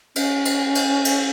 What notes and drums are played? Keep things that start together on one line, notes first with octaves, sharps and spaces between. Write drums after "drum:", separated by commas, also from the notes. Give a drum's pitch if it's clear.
C#4, drum: cymbal
drum: cymbal
drum: cymbal
drum: cymbal